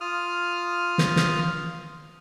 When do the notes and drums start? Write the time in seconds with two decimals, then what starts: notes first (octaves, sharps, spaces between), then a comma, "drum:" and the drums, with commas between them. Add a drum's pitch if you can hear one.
0.01 F4 D#6 F6
0.98 drum: snare
1.16 drum: snare